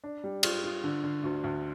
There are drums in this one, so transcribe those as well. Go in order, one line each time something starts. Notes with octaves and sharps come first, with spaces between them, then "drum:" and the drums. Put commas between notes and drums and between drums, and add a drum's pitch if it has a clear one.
D4
G3
F4, drum: cymbal
F4
D3
D3
D2
D2